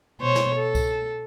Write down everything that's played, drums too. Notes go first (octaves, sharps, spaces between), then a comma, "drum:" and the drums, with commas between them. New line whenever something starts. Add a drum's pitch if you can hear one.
B2 C5 C#5
drum: snare
A4
drum: kick C2, tambourine